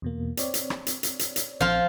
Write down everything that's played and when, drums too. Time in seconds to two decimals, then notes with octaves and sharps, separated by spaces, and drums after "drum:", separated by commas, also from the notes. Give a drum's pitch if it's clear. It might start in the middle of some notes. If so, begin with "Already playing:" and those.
0.02 E2 B2 A#3
0.37 C4 C#5 D5, drum: hi-hat
0.54 drum: hi-hat
0.70 drum: rim click
0.87 drum: hi-hat
1.03 drum: hi-hat
1.19 drum: hi-hat
1.36 drum: hi-hat
1.61 A#1 F3 C4 F4 F6